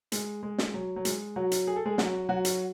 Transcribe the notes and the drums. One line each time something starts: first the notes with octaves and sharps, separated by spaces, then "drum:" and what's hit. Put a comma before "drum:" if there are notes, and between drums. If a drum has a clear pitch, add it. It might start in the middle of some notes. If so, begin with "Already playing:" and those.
G#3, drum: hi-hat
G#3
drum: snare
F#3
F#3
G#3, drum: hi-hat
F#3 F#4
drum: hi-hat
G#4
A4
G#3 G#4
F#3 F#4, drum: snare
F#3 F#4
drum: hi-hat